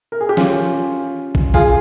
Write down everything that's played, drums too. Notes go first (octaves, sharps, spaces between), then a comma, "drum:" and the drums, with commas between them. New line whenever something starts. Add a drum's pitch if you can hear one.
A#4
G#4
G4
C#4 F4, drum: snare F3
drum: kick
F4 G#4, drum: kick